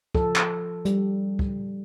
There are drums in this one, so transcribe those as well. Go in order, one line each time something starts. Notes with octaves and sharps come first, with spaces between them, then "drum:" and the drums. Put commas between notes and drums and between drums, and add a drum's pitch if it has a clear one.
F3 A4, drum: kick
drum: clap
G3, drum: hi-hat
drum: kick